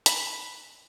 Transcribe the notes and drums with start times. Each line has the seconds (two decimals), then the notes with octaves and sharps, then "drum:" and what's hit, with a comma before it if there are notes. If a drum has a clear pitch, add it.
0.06 B5, drum: hi-hat